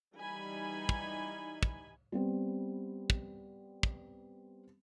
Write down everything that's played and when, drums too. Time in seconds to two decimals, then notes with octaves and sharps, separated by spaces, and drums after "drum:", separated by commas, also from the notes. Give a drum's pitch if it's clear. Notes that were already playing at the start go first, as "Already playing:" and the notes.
0.15 E3 G3 D#4 G#5 B5
0.89 drum: kick
1.63 drum: kick
2.12 G3 B3 C4
3.10 drum: kick
3.83 drum: kick